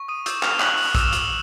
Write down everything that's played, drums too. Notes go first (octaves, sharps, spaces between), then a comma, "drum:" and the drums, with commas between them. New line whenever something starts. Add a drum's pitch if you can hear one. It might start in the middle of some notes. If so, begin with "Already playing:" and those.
Already playing: C#6
D#6 D#7
D6 E6 G6 E7, drum: hi-hat
F6 F7, drum: clap
C#6 F#6 F#7, drum: clap
F#6 F#7, drum: open hi-hat
D6 E6 F6 E7, drum: kick, hi-hat
drum: hi-hat